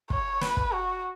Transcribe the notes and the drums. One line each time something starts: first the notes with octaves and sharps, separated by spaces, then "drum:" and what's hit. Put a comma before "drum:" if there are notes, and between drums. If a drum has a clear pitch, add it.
C#5, drum: kick
B4, drum: snare
drum: kick
F#4